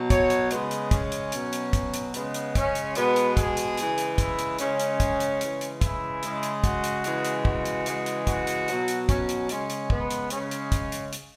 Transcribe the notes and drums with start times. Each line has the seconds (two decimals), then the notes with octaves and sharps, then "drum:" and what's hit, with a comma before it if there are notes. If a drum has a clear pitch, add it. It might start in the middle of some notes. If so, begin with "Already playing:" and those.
Already playing: B2 F#3
0.10 C#5, drum: kick, hi-hat
0.30 drum: hi-hat
0.51 C#3 G#3 B3, drum: hi-hat
0.71 drum: hi-hat
0.91 C#4, drum: kick, hi-hat
1.12 drum: hi-hat
1.32 B2 F#3, drum: hi-hat
1.53 drum: hi-hat
1.73 drum: kick, hi-hat
1.94 drum: hi-hat
2.14 C#3 G#3 B3, drum: hi-hat
2.34 drum: hi-hat
2.55 C#4, drum: kick, hi-hat
2.75 drum: hi-hat
2.95 B2 G#3 B3, drum: hi-hat
3.16 drum: hi-hat
3.37 G#4, drum: kick, hi-hat
3.57 drum: hi-hat
3.78 C#3 E3 G#3, drum: hi-hat
3.98 drum: hi-hat
4.18 E4, drum: kick, hi-hat
4.39 drum: hi-hat
4.59 C#3 G#3 C#4, drum: hi-hat
4.80 drum: hi-hat
5.00 drum: kick, hi-hat
5.20 drum: hi-hat
5.41 C#3 E3 G#3, drum: hi-hat
5.61 drum: hi-hat
5.81 E4, drum: kick, hi-hat
6.23 C#3 G#3, drum: hi-hat
6.43 drum: hi-hat
6.64 F#4, drum: kick, hi-hat
6.84 drum: hi-hat
7.04 C#3 E3 G#3, drum: hi-hat
7.25 drum: hi-hat
7.45 F#4, drum: kick
7.65 drum: hi-hat
7.86 C#3 E3 G#3, drum: hi-hat
8.06 drum: hi-hat
8.27 F#4, drum: kick, hi-hat
8.47 drum: hi-hat
8.68 B2 F#3, drum: hi-hat
8.88 drum: hi-hat
9.09 C#4, drum: kick, hi-hat
9.29 drum: hi-hat
9.49 C#3 G#3 C#4, drum: hi-hat
9.70 drum: hi-hat
9.90 B3, drum: kick
10.11 drum: hi-hat
10.30 C#3 G#3 C#4, drum: hi-hat
10.51 drum: hi-hat
10.72 drum: kick, hi-hat
10.92 drum: hi-hat
11.13 drum: hi-hat